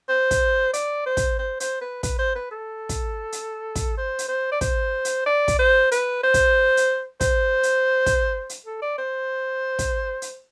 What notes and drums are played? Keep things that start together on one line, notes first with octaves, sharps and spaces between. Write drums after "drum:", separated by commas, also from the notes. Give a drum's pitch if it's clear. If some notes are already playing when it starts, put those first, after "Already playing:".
C5
drum: kick, hi-hat
D5, drum: hi-hat
C5
drum: kick, hi-hat
C5
C5, drum: hi-hat
B4
B4, drum: kick, hi-hat
C5
B4
A4
drum: kick, hi-hat
drum: hi-hat
drum: kick, hi-hat
C5
drum: hi-hat
C5
D5
C5, drum: kick, hi-hat
drum: hi-hat
D5
drum: kick, hi-hat
C5
B4, drum: hi-hat
C5
drum: kick, hi-hat
drum: hi-hat
C5, drum: kick, hi-hat
drum: hi-hat
drum: kick, hi-hat
drum: hi-hat
A4
D5
C5
drum: kick, hi-hat
drum: hi-hat